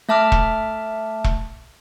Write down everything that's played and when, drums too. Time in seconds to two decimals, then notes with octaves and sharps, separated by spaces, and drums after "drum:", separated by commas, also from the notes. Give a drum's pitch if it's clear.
0.09 A3 E5 A5 D6 F6
0.32 drum: kick E1
1.24 drum: kick E1